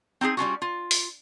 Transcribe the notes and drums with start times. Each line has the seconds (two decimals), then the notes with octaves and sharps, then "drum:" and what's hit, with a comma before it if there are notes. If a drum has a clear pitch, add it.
0.21 C4 D#4 F4 G#4
0.37 G3 C#4 F4 F#4
0.62 F4
0.91 drum: open hi-hat